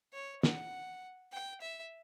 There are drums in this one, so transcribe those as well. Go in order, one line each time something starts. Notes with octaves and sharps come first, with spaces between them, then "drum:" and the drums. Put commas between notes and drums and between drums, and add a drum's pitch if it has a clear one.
C#5
F#5, drum: snare
G5
E5